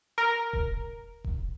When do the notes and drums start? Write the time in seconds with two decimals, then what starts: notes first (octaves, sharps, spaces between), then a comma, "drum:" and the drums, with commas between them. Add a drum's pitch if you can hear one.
0.18 A#4
0.53 drum: kick D#1
1.24 drum: kick D#1